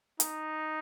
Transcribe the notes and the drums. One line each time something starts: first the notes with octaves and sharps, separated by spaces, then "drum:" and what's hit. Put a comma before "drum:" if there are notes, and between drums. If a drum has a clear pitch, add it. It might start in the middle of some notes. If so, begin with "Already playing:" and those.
D#4, drum: hi-hat